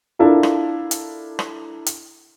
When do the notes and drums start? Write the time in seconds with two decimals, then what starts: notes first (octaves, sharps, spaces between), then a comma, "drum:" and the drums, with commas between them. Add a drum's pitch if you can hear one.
0.19 D4 E4 F4 A4 A#4
0.43 drum: rim click
0.91 drum: hi-hat
1.39 drum: rim click
1.86 drum: hi-hat